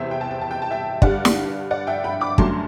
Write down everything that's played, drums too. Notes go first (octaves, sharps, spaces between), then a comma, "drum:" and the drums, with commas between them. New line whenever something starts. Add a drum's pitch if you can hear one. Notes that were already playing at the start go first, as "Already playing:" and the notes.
Already playing: E2 C3 C5 E5
G5
A5
G5
A5
G5
A5
E5 G5
G2 D3 G3 D5 F#5, drum: kick
drum: snare
D5 F#5
E5 G5
G5 B5
B5 D6
F#2 D3 F#3 A3 A5 C6, drum: kick